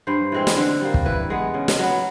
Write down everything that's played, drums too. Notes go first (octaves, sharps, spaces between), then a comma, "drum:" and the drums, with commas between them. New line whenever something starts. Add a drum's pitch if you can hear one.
G2 C5
E3 G#3 C4
drum: snare
D3
G3 A#3
drum: kick
E3 B4
G#3 B3
C#3
drum: snare
F#3 B3